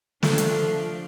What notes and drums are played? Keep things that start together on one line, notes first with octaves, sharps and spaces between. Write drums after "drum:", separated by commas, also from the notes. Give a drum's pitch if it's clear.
F3 A3 D4, drum: snare
drum: hi-hat